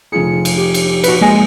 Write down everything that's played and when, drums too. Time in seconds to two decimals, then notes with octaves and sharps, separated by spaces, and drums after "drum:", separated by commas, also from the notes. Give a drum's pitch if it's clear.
0.12 F1 F4 G#4 C#7
0.45 drum: cymbal
0.58 G4
0.74 drum: cymbal
1.04 F#4 B4, drum: cymbal
1.21 G#3 A#3 D#5 G#5